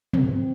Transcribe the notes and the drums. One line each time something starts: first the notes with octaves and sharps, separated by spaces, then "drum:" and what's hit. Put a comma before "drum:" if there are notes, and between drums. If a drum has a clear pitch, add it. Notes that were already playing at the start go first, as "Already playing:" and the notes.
C4, drum: tom